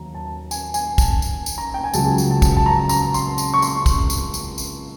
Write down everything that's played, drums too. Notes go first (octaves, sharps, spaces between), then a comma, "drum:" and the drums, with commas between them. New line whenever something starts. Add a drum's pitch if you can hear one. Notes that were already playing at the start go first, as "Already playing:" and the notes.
Already playing: D#2 F#3 A#5
A5
G#5, drum: tambourine
G#5, drum: tambourine
A5, drum: kick, tambourine
drum: tambourine
drum: tambourine
A#5
G5
G#5
C#2 C#3 F#3 A5, drum: tambourine
drum: tambourine
A5
drum: kick, tambourine
A5
A#5
A#5, drum: tambourine
C6, drum: tambourine
drum: tambourine
C#6
C6, drum: tambourine
drum: kick, tambourine
drum: tambourine
drum: tambourine
drum: tambourine